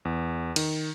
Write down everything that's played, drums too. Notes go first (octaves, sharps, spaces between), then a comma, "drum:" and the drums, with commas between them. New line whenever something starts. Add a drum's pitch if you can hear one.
E2
D#3, drum: cymbal